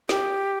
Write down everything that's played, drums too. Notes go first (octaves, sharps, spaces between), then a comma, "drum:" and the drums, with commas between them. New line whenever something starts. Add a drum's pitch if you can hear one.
G4, drum: snare